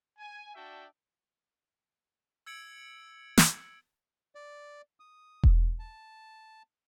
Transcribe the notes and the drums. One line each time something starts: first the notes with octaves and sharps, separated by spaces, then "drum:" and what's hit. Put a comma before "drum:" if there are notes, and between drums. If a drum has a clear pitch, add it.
G#5
D4 F#4 D5 E5 G5 A5
E6 G#6 C#7 D7 F#7
drum: snare
D5
D#6
drum: kick E1
A5